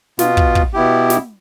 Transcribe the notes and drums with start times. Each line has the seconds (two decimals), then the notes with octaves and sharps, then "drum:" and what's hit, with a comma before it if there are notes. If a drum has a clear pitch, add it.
0.19 B2 B3 F4, drum: snare
0.37 drum: kick
0.55 drum: kick
0.73 B2 B3 E4 G4
1.10 drum: snare